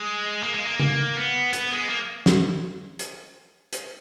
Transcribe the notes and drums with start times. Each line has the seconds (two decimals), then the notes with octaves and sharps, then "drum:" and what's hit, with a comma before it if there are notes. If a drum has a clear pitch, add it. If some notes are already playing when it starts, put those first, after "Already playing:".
Already playing: G#3
0.43 A#3
0.55 G#3
0.67 A#3
0.80 A#3, drum: tom C#3
1.16 B3
1.53 B3, drum: hi-hat
1.71 G#3
1.89 A#3
2.26 drum: snare
2.99 drum: hi-hat
3.73 drum: hi-hat